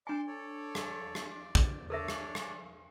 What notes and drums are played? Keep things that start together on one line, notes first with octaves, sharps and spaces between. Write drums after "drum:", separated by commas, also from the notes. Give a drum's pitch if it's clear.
D4 D5 G#5 C6 D6
A4 C#5 D5
drum: rim click
drum: rim click
D5
drum: kick
D4 A4 A#4 C#5 D5 E5
drum: rim click
drum: rim click